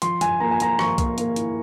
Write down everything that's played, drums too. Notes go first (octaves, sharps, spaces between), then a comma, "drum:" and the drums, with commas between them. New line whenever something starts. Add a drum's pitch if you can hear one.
F3 C6, drum: hi-hat
F3 G#5, drum: hi-hat
A#3 A#5
G#5
A#3 A#5, drum: hi-hat
F3 C#6, drum: rim click
A#3, drum: kick B1, hi-hat
A#3, drum: hi-hat
E4, drum: hi-hat